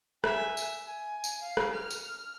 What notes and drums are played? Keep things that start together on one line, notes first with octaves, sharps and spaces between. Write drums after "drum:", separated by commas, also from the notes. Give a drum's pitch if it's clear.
E5 G#5, drum: rim click
drum: tambourine
G#5
drum: tambourine
F5
drum: rim click
F6
drum: tambourine